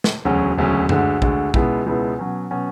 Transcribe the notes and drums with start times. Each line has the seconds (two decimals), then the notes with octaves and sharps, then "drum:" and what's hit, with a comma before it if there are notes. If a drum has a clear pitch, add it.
0.04 drum: snare
0.25 E1 D2 C#3 F#3 C#4
0.57 E1 D2 C#3 F#3 C#4
0.89 D2 D3 G#3, drum: tom F#2
1.22 D2 D3 G#3, drum: kick A#1
1.54 C#2 B2 G#3 B3 E4, drum: kick A#1
1.86 C#2 B2 G#3 B3 E4
2.19 B2 F#3 C#4
2.51 B2 F#3 C#4